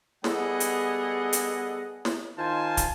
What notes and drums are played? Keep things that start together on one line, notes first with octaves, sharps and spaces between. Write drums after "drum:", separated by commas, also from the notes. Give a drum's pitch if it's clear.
G3 B3 G#4 A4 D#5 F#5, drum: snare
drum: hi-hat
drum: hi-hat
drum: snare
D#3 D#4 F4 C5 G#5 A5
drum: kick, hi-hat